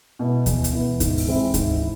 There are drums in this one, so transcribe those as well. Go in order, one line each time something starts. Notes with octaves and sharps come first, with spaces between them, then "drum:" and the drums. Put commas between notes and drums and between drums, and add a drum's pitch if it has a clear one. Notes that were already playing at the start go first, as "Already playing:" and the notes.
B2 B3 E4
E2, drum: kick D2, hi-hat
drum: hi-hat
B2 B3 E4
G#2, drum: kick D2, hi-hat
drum: open hi-hat
E3 G#3 C4 E4
G#2, drum: kick D2, hi-hat
E4